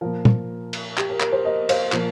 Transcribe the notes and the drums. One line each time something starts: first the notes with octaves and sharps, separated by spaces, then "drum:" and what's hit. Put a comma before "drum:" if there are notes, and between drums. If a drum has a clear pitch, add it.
A#2 F3 A#4
drum: tom
drum: cymbal
G4, drum: clap
A#4
A#4, drum: clap
G4 C5
A#4 D#5
C5 F5, drum: cymbal
A#2 F3 A#4, drum: clap